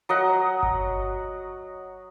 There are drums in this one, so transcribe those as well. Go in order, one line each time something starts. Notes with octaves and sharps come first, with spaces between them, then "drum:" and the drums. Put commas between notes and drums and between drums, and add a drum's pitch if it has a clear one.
F#3 D#5 F#5
drum: kick G1